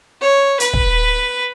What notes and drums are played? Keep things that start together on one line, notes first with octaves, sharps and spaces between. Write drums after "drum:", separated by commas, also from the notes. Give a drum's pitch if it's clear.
C#5
B4, drum: hi-hat
drum: kick